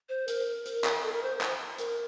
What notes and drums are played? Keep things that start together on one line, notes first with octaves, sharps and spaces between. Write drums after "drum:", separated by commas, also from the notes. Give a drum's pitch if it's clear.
C5
A#4, drum: hi-hat
drum: hi-hat
drum: clap
A4
A#4
C5
drum: clap
A#4, drum: hi-hat